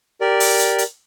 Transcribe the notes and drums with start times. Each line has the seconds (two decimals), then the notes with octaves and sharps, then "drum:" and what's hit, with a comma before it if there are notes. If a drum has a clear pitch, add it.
0.21 G4 A#4 D5
0.40 drum: open hi-hat
0.59 drum: hi-hat
0.78 drum: hi-hat